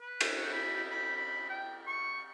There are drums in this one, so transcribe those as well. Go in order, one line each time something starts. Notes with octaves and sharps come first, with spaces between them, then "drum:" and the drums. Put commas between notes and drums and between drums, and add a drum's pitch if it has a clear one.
B4
drum: cymbal
F#4
B5
B5
B5
G5
C#6